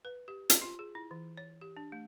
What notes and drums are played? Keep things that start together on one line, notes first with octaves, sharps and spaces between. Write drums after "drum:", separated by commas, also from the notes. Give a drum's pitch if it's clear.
B4
G4
C5, drum: hi-hat
F4
G#4
E4
E3
C#5
G4
D4
A3